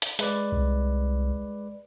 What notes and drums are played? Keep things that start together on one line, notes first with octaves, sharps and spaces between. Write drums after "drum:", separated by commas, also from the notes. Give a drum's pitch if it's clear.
drum: hi-hat
G#3 B4 D5, drum: hi-hat
C2